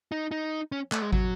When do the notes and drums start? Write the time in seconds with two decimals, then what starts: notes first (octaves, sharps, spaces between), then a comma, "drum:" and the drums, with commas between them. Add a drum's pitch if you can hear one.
0.12 D#4
0.31 D#4
0.72 C#4
0.92 A3, drum: clap
1.02 G#3
1.13 F#3, drum: kick